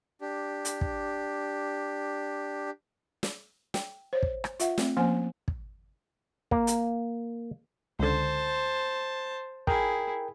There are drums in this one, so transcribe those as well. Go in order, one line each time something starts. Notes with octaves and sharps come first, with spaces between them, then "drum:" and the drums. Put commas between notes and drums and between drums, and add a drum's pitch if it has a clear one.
D4 G4
drum: hi-hat
drum: kick
drum: snare
G5, drum: snare
C5 C#5
drum: kick
drum: rim click
F4 E5 F#5, drum: hi-hat
A3 C4, drum: snare
F3 A#3 C#4 C5 G#5
drum: kick
A#3, drum: kick
drum: hi-hat
C#2 D3 C5 A5
E4 G#4 A#4 G5, drum: kick